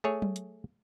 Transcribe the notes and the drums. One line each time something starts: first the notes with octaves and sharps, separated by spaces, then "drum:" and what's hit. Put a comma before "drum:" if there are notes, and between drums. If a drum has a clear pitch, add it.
A3 G#4 C#5
drum: tom F#3
drum: hi-hat